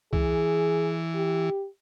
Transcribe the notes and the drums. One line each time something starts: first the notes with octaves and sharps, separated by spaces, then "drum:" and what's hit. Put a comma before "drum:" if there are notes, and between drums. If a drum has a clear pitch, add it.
E3 G#4, drum: kick
G4